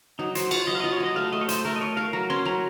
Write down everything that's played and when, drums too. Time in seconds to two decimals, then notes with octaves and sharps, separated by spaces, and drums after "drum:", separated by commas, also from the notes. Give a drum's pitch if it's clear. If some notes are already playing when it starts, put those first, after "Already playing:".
0.19 F#3 D#4
0.35 F#3 C5, drum: hi-hat
0.51 F4 C#5, drum: cymbal
0.67 F#3 D#5
0.75 F5
0.80 F4 D#5
0.92 C#5
1.00 F#3 D#5
1.16 A3 F5
1.32 A3 D#5
1.41 C#5
1.49 A3 C5, drum: hi-hat
1.65 A3 A#4
1.76 D#5
1.81 A#4 C#5
1.97 A#4 F5
2.13 F#3 A#5
2.30 C#4 C6
2.45 F#3 A#5